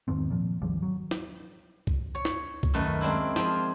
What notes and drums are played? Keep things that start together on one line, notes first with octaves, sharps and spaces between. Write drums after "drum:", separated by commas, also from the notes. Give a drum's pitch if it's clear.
E2 G#2 D#3 C4
A#2 F3
G#1 D#2 F3 G3
F#3
drum: snare
drum: kick C2
C#5
drum: snare
drum: kick C2
F#2 D#3 A3 B4
G#3 A#3 C4 D4 E4
F3 G#4 C5 G#5, drum: snare